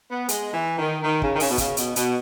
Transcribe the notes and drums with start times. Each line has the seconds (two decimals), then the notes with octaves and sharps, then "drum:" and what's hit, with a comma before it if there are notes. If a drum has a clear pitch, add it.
0.09 B3
0.29 G#3, drum: hi-hat
0.52 E3
0.77 D#3
1.03 D#3
1.22 C#3, drum: kick
1.35 D#3
1.40 C#3, drum: open hi-hat
1.50 B2
1.58 C#3, drum: kick, hi-hat
1.77 B2, drum: hi-hat
1.96 B2, drum: hi-hat